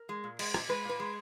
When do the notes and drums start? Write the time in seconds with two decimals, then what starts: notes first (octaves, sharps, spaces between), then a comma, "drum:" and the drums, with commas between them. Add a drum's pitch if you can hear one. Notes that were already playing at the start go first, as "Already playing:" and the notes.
Already playing: A#4
0.09 G#3
0.24 A#2
0.39 G#3, drum: cymbal
0.54 A#2, drum: rim click
0.69 G#3 B4
0.85 A#2 B4
1.00 G#3